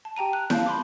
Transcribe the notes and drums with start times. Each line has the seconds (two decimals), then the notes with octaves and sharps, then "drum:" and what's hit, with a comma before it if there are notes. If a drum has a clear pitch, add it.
0.05 A5
0.16 G4 G5 A#5 D#7
0.33 F#6
0.50 F5 A5 G6, drum: snare E4
0.66 B5 C6 D6